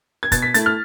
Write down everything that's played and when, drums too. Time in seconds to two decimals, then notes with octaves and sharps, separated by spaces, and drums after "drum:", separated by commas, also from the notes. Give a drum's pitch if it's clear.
0.23 G#6
0.32 B2 A6, drum: kick, hi-hat
0.42 B6
0.54 A3 E4 A6, drum: hi-hat
0.66 F6